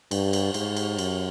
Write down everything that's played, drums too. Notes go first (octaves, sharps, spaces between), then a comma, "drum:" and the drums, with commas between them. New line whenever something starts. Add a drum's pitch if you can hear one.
G2, drum: cymbal
drum: cymbal
G#2, drum: cymbal
drum: cymbal
F#2, drum: cymbal